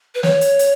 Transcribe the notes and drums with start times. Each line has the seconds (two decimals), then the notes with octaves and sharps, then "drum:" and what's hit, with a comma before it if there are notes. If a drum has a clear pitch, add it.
0.15 B4
0.23 C#5, drum: snare
0.41 drum: hi-hat
0.59 drum: hi-hat